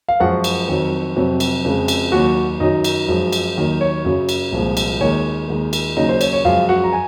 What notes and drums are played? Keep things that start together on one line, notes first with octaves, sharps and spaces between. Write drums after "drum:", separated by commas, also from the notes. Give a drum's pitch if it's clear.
F5
F#2 F3 G#3 F#4 F#5
drum: cymbal
F2 D#3 F#3
F2 C3 F#3
drum: cymbal
F2 C#3 G#3
drum: cymbal
D#2 D#3 F#3 F#4 F#5
F#2 D#3 F#3 D#4 D#5
drum: cymbal
F#2 F3 G#3
drum: cymbal
D#2 D#3 F#3
C#5
F#2 C#3 F#3
drum: cymbal
C2 A#2 F3 G#3
drum: cymbal
D#2 D#3 G#3 C#5
D#2 D#3 G#3
drum: cymbal
D#2 C#3 F#3 D#4 D#5
C5
C#5, drum: cymbal
C#5
F#2 F3 G#3 F4 F5
F#4 F#5
A#5
G#5